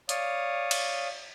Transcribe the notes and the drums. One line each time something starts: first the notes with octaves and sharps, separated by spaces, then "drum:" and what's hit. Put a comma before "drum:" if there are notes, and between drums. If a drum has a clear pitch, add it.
C#5 D5 F5 D#6, drum: hi-hat
drum: cymbal